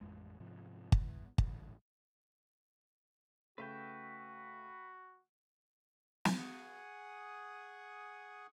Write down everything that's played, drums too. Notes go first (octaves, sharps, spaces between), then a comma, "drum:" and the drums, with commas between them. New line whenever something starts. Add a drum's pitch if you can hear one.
A1 F2 G#3
G#2 C3 F3
E2, drum: kick
E1 A1, drum: kick
C#3 A3 F#4 B4 E5 G5
drum: snare
G#4 F#5 G#5 C#6 D#6